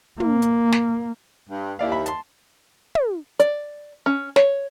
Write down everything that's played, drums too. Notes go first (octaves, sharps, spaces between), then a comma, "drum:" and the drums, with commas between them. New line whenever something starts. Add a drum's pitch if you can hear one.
A#3, drum: tom
drum: hi-hat
drum: snare
G2
D#2 E4 D5 F5
E5 B5
A5 C6, drum: hi-hat
drum: tom
D5, drum: hi-hat
C#4
C#5, drum: snare